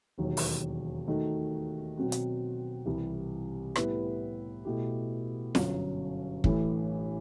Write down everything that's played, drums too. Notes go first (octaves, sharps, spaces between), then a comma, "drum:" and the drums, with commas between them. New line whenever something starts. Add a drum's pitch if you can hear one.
E1 D#2 D#3 F#3
drum: open hi-hat
D#3 A3 D#4 F#4
B2 F#3 C4 F#4
drum: hi-hat
C2 C3 E3 G3
A2 G3 B3 E4 B4, drum: rim click
B2 A3 E4 G4
G1 F#2 F#3, drum: snare
A1 A2 E3 A3, drum: kick